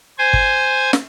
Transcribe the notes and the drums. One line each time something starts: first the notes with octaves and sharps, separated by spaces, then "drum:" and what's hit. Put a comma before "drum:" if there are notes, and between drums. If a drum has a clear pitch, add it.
C5 G#5
drum: kick
drum: snare